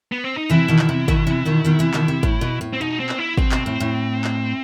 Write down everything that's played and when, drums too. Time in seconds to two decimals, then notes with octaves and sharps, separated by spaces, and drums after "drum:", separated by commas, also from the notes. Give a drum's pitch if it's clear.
0.12 B3
0.24 C4
0.37 D#4
0.50 C3 E3 E4
0.68 B2 D#3
0.79 drum: clap
0.89 C3
1.08 B2 D#3, drum: kick
1.27 C3 E3
1.45 B2 D#3
1.65 B2 D#3
1.79 C3 E3
1.94 B2 D#3, drum: clap
2.08 C3
2.23 A2, drum: kick
2.41 B2
2.61 A2
2.73 C4
2.80 B2 D#4
3.00 C4
3.09 drum: clap
3.19 E4
3.38 B2 C4, drum: kick
3.52 B2, drum: clap
3.66 A2
3.80 A2
4.24 drum: clap